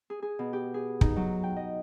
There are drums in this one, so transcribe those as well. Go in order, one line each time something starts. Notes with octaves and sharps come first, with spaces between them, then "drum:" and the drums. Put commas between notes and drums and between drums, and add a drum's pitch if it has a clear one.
G#4
G#4
B2
G4
G#4
D#4, drum: kick
F#3
G5
D#5